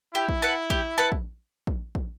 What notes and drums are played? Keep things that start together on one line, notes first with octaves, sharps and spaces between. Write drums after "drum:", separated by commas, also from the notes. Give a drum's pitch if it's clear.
E4 G4
drum: kick
B4 F#5 A5
G4, drum: kick
B4 F#5 A5
drum: kick
drum: kick
drum: kick